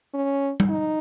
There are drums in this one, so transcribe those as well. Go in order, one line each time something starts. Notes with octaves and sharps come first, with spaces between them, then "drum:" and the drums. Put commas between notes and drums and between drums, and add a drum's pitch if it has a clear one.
C#4
drum: tom G3
D#4